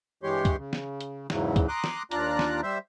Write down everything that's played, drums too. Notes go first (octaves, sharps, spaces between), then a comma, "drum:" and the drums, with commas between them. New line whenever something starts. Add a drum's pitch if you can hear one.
G2 E3 G#3 G4 C#5 C6
drum: kick, hi-hat
C#3
drum: snare
drum: hi-hat
E2 G#2 C#3 E3 F#3, drum: snare
drum: kick, hi-hat
A#5 C6 D6 D#6 F#6
drum: snare
D#2 D4 F4 D5 A#5 F#6, drum: hi-hat
drum: snare
G3 C5 E5